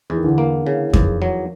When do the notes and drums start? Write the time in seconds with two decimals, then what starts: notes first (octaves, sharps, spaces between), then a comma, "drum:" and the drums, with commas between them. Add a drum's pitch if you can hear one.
0.10 E2 E3
0.17 D#3
0.24 D3 E3
0.38 A#3
0.67 C#3
0.93 E2 D#3 F3, drum: kick F2
1.22 F#3